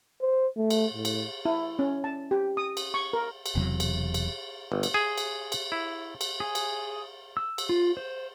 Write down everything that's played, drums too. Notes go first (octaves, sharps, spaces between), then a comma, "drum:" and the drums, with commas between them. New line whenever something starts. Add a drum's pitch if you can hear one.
C5
A3
drum: cymbal
A2
drum: cymbal
E4
C#4
A5
G4
D#6
drum: cymbal
C#6
A#4
drum: cymbal
E1 E2 C3 F#3
drum: cymbal
drum: cymbal
G1
drum: cymbal
G#4
drum: cymbal
drum: cymbal
E4
drum: cymbal
G#4
drum: cymbal
E6
drum: cymbal
F4
C5